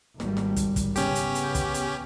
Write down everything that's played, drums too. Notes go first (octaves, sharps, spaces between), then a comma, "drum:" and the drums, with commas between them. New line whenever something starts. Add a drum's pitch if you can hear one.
G#1 G3, drum: snare
drum: snare
drum: kick, hi-hat
drum: kick, hi-hat
C#3 B3 C#4 G4, drum: hi-hat
drum: hi-hat
drum: hi-hat
drum: kick, hi-hat
drum: hi-hat